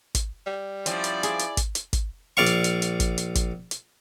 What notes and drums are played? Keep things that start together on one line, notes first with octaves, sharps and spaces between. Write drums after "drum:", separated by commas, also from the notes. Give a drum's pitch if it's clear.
drum: kick, hi-hat
G3
F3 C4 C#4 E4 D5, drum: hi-hat
drum: hi-hat
G#4, drum: hi-hat
drum: hi-hat
drum: kick, hi-hat
drum: hi-hat
drum: kick, hi-hat
A#1 D5 F5 C#6
drum: hi-hat
drum: hi-hat
drum: hi-hat
drum: kick, hi-hat
drum: hi-hat
drum: kick, hi-hat
drum: hi-hat